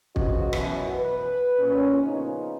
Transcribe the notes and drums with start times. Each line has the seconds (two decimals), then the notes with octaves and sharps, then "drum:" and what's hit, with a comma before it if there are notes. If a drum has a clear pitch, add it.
0.16 C#3 F3 F#4 B4 D#5, drum: kick
0.53 F#2 B2 E3, drum: rim click
0.95 B4
1.59 A#2 C#4
2.02 C#3 F3 B3 D#4